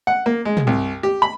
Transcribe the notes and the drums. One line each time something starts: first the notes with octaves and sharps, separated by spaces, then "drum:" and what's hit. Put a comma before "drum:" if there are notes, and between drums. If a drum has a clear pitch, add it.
F#5
A#3
G#3
drum: tom
C2
G4
B5